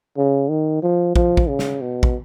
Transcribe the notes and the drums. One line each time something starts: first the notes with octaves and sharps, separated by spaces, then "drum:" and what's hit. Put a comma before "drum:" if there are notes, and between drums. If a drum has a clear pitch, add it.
C#3
D#3
F3
F3, drum: kick
drum: kick
C#3
drum: snare
B2
drum: kick